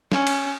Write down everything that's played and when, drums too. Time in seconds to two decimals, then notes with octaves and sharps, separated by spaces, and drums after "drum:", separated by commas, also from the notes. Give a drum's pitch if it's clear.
0.12 C#4, drum: snare
0.27 drum: cymbal